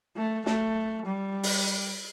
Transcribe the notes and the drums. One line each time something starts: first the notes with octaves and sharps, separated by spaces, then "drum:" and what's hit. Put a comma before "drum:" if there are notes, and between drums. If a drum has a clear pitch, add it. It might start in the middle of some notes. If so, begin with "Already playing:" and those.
A3
A3, drum: snare
G3
drum: open hi-hat